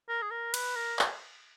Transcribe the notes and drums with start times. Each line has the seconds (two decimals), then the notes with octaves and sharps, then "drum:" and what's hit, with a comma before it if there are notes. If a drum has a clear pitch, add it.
0.09 A#4
0.22 G#4
0.31 A#4
0.54 B4, drum: cymbal
0.76 A#4
0.99 drum: clap